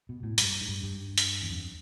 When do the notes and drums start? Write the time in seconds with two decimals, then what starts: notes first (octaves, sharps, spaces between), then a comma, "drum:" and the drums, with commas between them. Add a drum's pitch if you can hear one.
0.09 B2
0.23 A2
0.38 G2, drum: hi-hat
0.61 G#2
0.68 G2
0.83 G2
1.18 drum: hi-hat
1.42 E2
1.50 F2